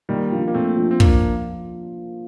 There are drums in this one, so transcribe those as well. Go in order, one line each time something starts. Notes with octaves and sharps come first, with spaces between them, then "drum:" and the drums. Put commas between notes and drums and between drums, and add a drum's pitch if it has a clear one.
A#2 D#3 G3
F3 A#3 D4 F4
A#3
A#2 A3 C4
F3 A#3 D4 F4
C4
A#3 D4, drum: kick